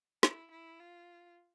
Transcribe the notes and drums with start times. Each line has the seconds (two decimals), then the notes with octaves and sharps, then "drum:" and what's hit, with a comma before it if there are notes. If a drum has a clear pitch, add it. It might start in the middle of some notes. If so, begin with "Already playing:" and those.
0.23 E4, drum: snare
0.51 E4
0.79 F4